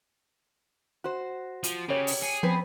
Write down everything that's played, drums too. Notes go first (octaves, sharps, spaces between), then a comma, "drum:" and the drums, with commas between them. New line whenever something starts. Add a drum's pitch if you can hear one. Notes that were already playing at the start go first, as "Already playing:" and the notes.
F#4 C5
F3 D#7, drum: hi-hat
C#3 G4 C#5
drum: open hi-hat
G#4 C#7
F3 B3 C4 B4